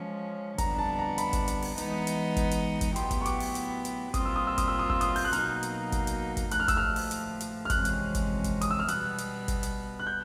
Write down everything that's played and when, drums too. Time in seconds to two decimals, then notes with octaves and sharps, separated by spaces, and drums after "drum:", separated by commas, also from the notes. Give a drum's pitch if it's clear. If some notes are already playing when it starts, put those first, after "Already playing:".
Already playing: F3 G#3 C#4
0.58 F2 D3 G3 B3 D4 A#5, drum: kick, hi-hat
0.79 A5
0.99 A#5
1.18 B5, drum: hi-hat
1.33 drum: kick, hi-hat
1.48 drum: hi-hat
1.62 drum: open hi-hat
1.78 E3 G#3 B3 D#4, drum: hi-hat
2.07 drum: hi-hat
2.37 drum: kick, hi-hat
2.51 drum: hi-hat
2.81 drum: kick, hi-hat
2.96 A2 F#3 B3 E4 G4 C6, drum: hi-hat
3.11 drum: kick, hi-hat
3.21 C#6
3.26 D6, drum: hi-hat
3.40 drum: open hi-hat
3.55 drum: hi-hat
3.85 drum: hi-hat
4.14 A#2 G3 C4 F4 D#6, drum: kick, hi-hat
4.25 E6
4.36 D#6
4.47 E6
4.58 D#6, drum: kick, hi-hat
4.68 E6
4.79 D#6
4.90 E6, drum: kick
5.01 D#6, drum: hi-hat
5.16 G6, drum: open hi-hat
5.25 F#6
5.33 B2 F#3 A#3 D#4 F6, drum: hi-hat
5.63 drum: hi-hat
5.92 drum: kick, hi-hat
6.07 drum: hi-hat
6.37 drum: kick, hi-hat
6.51 A2 F3 A3 F#6, drum: hi-hat
6.60 F6
6.68 E6, drum: kick, hi-hat
6.77 F6
6.96 drum: open hi-hat
7.11 drum: hi-hat
7.40 drum: hi-hat
7.65 F6
7.70 F2 C3 E3 G#3 C#4 F#6, drum: kick, hi-hat
7.85 drum: hi-hat
8.15 drum: kick, hi-hat
8.44 drum: kick, hi-hat
8.61 D#6, drum: hi-hat
8.71 E6
8.79 F6
8.88 B2 G3 B3 F#6, drum: hi-hat
9.18 drum: hi-hat
9.48 drum: kick, hi-hat
9.63 drum: hi-hat
10.00 F#6
10.07 G6